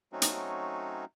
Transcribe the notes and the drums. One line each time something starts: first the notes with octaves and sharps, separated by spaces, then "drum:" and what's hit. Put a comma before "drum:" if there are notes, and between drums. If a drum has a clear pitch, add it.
F#3 A3 C4 C#4 D#4 F#4
drum: hi-hat